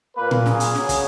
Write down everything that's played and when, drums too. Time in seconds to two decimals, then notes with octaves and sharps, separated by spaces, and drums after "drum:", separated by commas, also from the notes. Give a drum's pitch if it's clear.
0.16 A#2 A#3 B4
0.31 drum: tom A#2
0.46 G#4, drum: snare
0.60 drum: hi-hat
0.75 C#3 F#3, drum: snare
0.89 drum: kick, hi-hat